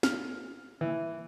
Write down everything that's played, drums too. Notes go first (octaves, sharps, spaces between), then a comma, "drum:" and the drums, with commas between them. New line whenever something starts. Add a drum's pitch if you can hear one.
F6, drum: snare
E3